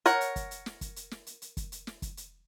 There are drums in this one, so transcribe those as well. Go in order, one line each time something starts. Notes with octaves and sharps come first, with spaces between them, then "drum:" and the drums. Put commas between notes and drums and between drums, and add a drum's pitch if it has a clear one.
A#4 C#5 F#5, drum: hi-hat
drum: hi-hat
drum: kick, hi-hat
drum: hi-hat
drum: snare
drum: kick, hi-hat
drum: hi-hat
drum: snare
drum: hi-hat
drum: hi-hat
drum: kick, hi-hat
drum: hi-hat
drum: snare
drum: kick, hi-hat
drum: hi-hat